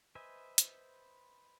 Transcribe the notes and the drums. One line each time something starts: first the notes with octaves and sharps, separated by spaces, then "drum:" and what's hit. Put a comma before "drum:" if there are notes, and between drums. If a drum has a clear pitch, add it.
B4 C5 D#5 E5 G#5
drum: hi-hat